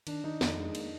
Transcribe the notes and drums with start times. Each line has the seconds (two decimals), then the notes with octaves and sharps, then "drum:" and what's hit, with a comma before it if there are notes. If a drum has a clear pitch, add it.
0.07 D#3 D4, drum: cymbal
0.24 D#3 D#4
0.41 F2 D4, drum: snare
0.58 G#3
0.75 A#3, drum: cymbal